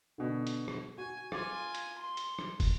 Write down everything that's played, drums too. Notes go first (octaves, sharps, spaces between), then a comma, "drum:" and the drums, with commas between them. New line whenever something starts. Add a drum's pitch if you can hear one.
B2 D3
drum: hi-hat
drum: rim click
F#4 G#5
F4 G#5 D6 A6, drum: rim click
drum: hi-hat
C6
drum: hi-hat
drum: rim click
drum: kick, open hi-hat